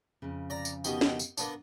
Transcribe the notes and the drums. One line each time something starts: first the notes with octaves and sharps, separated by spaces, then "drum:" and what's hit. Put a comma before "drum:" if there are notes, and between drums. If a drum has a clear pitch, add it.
F2 C#3
D5 A#5
drum: tambourine
B2 D#3 G4, drum: tambourine
drum: snare
drum: tambourine
A#3 B3 D4, drum: tambourine